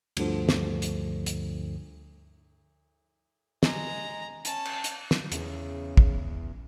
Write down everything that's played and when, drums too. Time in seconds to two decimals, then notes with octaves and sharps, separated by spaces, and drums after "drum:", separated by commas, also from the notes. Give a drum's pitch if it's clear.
0.17 D2 G2 D3 F3, drum: cymbal
0.49 drum: snare
0.82 drum: hi-hat
1.26 drum: hi-hat
3.63 G#3 A#5, drum: snare
4.45 C#4 A5, drum: hi-hat
4.65 drum: cymbal
4.84 drum: hi-hat
5.11 drum: snare
5.32 E2 C#3, drum: hi-hat
5.97 drum: kick